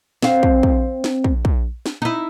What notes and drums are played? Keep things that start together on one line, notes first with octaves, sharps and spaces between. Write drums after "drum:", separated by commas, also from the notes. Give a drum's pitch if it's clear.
C4 F5, drum: snare
drum: kick
drum: kick
drum: snare
drum: kick
drum: kick
drum: snare
D#4 E4